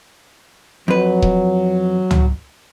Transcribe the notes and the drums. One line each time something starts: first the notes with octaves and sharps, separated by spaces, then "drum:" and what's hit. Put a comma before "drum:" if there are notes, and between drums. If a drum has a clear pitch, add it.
F2 F#3 B4
drum: kick D#1
drum: tom